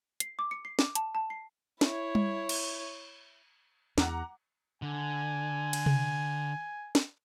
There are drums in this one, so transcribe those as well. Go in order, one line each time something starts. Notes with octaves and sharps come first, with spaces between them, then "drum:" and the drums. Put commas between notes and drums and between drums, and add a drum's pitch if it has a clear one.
C7, drum: hi-hat
D6
C#7
C7
D6, drum: snare
A5, drum: hi-hat
A5
C7
E4 C#5, drum: snare
drum: tom G3
drum: cymbal
E2 F#5 A#5 D6, drum: snare
D3 G#5
drum: cymbal
drum: tom C3
drum: snare